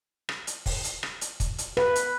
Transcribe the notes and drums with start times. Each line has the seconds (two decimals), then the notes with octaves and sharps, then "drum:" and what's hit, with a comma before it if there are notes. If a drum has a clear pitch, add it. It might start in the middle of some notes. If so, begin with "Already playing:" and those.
0.29 drum: rim click
0.47 drum: hi-hat
0.66 drum: kick, open hi-hat
0.84 drum: hi-hat
1.03 drum: rim click
1.21 drum: hi-hat
1.40 drum: kick, hi-hat
1.58 drum: hi-hat
1.77 B4, drum: rim click
1.96 drum: hi-hat